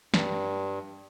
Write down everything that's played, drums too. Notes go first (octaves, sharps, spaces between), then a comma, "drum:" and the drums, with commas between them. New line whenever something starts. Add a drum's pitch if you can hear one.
G2, drum: snare